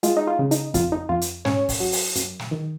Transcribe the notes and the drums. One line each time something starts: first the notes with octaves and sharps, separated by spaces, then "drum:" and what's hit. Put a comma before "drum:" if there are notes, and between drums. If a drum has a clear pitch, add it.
G#3 F4, drum: hi-hat
D#4
F4
C#3
D#4, drum: hi-hat
F2 F4, drum: kick, hi-hat
D#4
F2 F4
drum: hi-hat
G#2 C#4 C#5, drum: snare
drum: kick, open hi-hat
F#3
drum: open hi-hat
F#2, drum: hi-hat
drum: snare
D#3